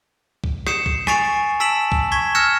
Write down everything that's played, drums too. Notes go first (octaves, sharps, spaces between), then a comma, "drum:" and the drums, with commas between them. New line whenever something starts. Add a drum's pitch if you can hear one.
drum: kick C2
D#6 G6 C7 C#7 E7, drum: rim click
drum: kick C2
G#5 C#6 A6 C7 D7 F7, drum: rim click
A5 E6 B6 D7 E7 F#7
drum: kick C2
C#6 G#6 B6 E7 G7
E6 F6 G6 A#6 C#7 E7